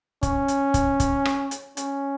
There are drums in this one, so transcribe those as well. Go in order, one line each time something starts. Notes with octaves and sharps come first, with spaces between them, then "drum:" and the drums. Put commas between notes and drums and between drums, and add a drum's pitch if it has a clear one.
C#4, drum: kick, hi-hat
drum: hi-hat
drum: kick, hi-hat
drum: kick, hi-hat
drum: rim click
drum: hi-hat
C#4, drum: hi-hat